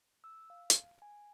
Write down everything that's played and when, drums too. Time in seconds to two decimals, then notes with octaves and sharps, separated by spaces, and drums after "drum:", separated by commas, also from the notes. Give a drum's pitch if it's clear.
0.24 E6
0.50 F5
0.70 drum: hi-hat
1.02 G#5